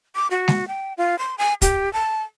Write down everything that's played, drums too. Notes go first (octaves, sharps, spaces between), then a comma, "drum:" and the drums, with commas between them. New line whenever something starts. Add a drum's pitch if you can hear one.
D6
F#4
drum: snare G#3
G5
F4
C6
G#5
G4, drum: kick, hi-hat
A5